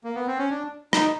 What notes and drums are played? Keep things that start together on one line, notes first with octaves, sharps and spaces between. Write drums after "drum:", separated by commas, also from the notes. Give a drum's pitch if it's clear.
A#3
B3
C4
C#4
D4
D#4, drum: rim click